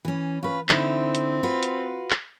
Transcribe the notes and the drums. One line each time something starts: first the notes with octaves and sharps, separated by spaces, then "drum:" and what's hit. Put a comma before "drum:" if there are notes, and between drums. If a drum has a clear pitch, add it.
E3 C#4
C#4 F4 B4
D3 C4 D#4 E4, drum: clap
drum: hi-hat
F4 F#4 B4
drum: hi-hat
drum: clap